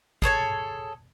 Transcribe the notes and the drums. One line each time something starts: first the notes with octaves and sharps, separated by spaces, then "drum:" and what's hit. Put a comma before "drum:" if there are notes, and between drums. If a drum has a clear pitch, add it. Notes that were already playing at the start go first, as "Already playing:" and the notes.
G#4 A4 C#5 A5, drum: kick